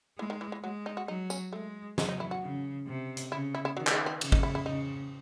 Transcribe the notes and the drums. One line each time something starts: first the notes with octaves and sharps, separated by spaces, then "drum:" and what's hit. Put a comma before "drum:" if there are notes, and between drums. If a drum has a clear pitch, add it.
E3 G#3
D#3
E3
E3
F#3 G#3
D#4
F#4
F#3 D#4
C#4, drum: tambourine
G#3 A3
F#3 G#3, drum: snare
D#4
E4
F#4
C#3
C3
drum: hi-hat
C#3 E4
E4
E4
D#3 F#3
A3, drum: clap
G#3
C4
C#3, drum: cymbal
D#4, drum: kick G#1
E4
E4
C#3 D#4